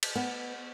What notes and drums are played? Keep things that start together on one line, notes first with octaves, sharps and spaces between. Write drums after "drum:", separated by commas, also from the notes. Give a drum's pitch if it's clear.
drum: cymbal
B3